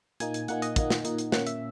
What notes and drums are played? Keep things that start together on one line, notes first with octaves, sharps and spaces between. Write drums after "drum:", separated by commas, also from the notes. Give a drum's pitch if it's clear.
A#2 A#3 D#4 G#5, drum: hi-hat
drum: hi-hat
A#2 A#3 D#4 F#5, drum: hi-hat
D#5, drum: hi-hat
A#2 A#3 D#4, drum: kick, hi-hat
drum: snare
A#2 A#3 D#4, drum: hi-hat
drum: hi-hat
A#2 A#3 C#4 F#5, drum: snare
E5, drum: hi-hat